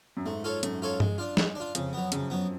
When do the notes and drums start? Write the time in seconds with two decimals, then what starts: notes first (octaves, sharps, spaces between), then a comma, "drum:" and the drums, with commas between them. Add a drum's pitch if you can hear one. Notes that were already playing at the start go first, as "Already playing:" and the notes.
0.17 F#2
0.25 G#2 A3
0.44 F4 A4 C#5
0.63 F#2 A3, drum: hi-hat
0.82 F4 A4 C#5
1.00 G#3, drum: tom G2
1.18 D4 F4
1.37 G#3, drum: snare
1.55 D4 F4
1.75 F2 C#3, drum: hi-hat
1.93 F#3 B3
2.12 F#2 C#3, drum: hi-hat
2.30 F#3 B3